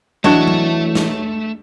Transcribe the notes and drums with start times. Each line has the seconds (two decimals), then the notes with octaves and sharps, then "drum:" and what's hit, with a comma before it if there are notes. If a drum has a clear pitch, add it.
0.24 E3 A3 D4 F#4 C#5 D#5 E5, drum: tom F#3
0.47 drum: tom F#3
0.95 drum: snare